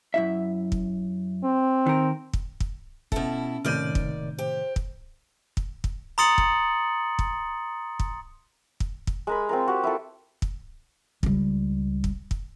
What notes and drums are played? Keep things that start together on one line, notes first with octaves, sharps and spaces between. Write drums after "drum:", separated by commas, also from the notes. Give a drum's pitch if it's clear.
F#2 E4 E5
drum: kick
C4
D#3 A#4
drum: kick
drum: kick
B2 C#4 E4 A4, drum: kick
D#2 A2 C3 D#3 D5 F6 G6 D#7
drum: kick
G4 C5
drum: kick
drum: kick
drum: kick
A#5 C6 D#6 A6 C#7 F#7
drum: kick
drum: kick
drum: kick
drum: kick
drum: kick
G#3 A#4 B5
C4 F4 A#4
F#4 G4
E4 F4 A4
drum: kick
C#2 G3, drum: kick
drum: kick
drum: kick